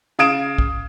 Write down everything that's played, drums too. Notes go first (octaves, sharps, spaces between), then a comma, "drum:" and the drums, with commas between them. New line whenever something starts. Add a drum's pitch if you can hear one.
C#3 F5 D#6 G#6 D7 E7
drum: kick